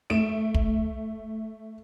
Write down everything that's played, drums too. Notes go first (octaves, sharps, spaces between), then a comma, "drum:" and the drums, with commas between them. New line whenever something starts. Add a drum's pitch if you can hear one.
A3 D7 E7
drum: kick